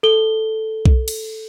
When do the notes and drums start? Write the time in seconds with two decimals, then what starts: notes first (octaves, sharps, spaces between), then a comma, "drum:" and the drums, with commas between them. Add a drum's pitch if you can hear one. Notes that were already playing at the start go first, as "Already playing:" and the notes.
0.03 A4 G7
0.86 drum: kick B1
1.08 drum: cymbal